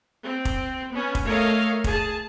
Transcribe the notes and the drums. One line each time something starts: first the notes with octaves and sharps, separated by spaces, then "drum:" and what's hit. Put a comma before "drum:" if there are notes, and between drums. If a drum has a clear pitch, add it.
C4
drum: kick F1
B3 C#4
drum: kick F1
A3 A#4 C#5 D#5 F5
G#4 A5, drum: kick F1